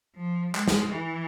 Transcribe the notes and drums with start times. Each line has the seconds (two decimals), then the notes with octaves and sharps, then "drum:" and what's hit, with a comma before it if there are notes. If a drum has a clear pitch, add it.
0.16 F3
0.55 G#3, drum: clap
0.68 drum: snare
0.94 E3